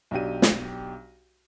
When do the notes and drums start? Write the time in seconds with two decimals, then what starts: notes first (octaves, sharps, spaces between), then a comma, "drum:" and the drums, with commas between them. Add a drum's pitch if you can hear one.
0.11 B1 F#3 D4 G4 D#7
0.42 drum: snare